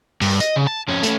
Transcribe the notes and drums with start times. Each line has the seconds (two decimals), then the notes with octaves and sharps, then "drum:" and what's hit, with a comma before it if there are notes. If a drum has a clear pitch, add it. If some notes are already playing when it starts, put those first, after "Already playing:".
0.22 G2, drum: open hi-hat
0.40 D#5, drum: hi-hat
0.56 C#3
0.67 A5
0.88 F2 C#4
1.03 A3 C#4, drum: hi-hat